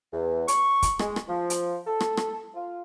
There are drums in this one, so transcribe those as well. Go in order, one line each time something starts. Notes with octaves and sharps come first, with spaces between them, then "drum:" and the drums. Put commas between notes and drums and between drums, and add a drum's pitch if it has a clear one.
E2
C#6, drum: hi-hat
drum: kick, hi-hat
G#3, drum: rim click
drum: rim click
F3
drum: hi-hat
A4
drum: rim click
drum: rim click
F4